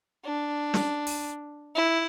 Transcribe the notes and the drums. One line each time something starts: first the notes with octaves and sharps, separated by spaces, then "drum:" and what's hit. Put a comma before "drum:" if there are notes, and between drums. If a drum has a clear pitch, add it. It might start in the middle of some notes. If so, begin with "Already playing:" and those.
D4
drum: snare
drum: open hi-hat
E4